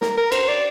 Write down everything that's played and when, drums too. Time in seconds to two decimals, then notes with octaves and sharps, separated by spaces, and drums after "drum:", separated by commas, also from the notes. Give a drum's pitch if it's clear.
0.01 A#4, drum: snare
0.17 A#4
0.32 C5, drum: cymbal
0.48 D5